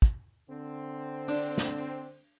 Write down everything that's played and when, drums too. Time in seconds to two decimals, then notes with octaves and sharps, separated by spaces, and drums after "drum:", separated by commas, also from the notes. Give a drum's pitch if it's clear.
0.02 drum: kick
0.50 D3 C4
1.28 D4, drum: open hi-hat
1.58 drum: snare